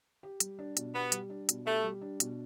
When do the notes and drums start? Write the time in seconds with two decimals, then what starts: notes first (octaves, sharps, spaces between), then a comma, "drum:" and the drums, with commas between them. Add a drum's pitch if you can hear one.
0.23 G4
0.40 G3, drum: hi-hat
0.59 D4
0.77 B2, drum: hi-hat
0.94 B3 G4
1.12 G3, drum: hi-hat
1.30 D4
1.49 B2, drum: hi-hat
1.66 A3 G4
1.84 G3
2.01 D4
2.20 B2, drum: hi-hat